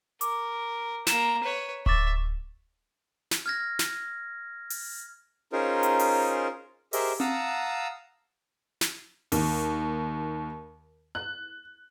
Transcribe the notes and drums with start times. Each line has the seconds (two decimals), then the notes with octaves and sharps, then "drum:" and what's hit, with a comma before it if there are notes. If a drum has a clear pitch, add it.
0.21 A#4 D6, drum: hi-hat
1.07 A#3 A#5 E7, drum: snare
1.43 B4 C#5
1.86 E5 C#6 D6 A6, drum: kick D1
3.31 drum: snare
3.46 F6 G#6 A#6
3.79 drum: snare
4.70 drum: open hi-hat
5.53 C#4 D#4 F4 G#4 A#4 C5
5.83 drum: hi-hat
5.99 drum: open hi-hat
6.93 G4 G#4 A#4 C5 D#5 E5, drum: open hi-hat
7.20 F5 F#5 A5 A#5 D#6 E6, drum: tom C4
8.81 drum: snare
9.32 D#2, drum: open hi-hat
11.15 F#6